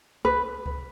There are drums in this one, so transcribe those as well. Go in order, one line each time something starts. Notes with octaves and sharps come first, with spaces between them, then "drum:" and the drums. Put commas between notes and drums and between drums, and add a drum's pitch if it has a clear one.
B4, drum: kick C#2
drum: kick C#2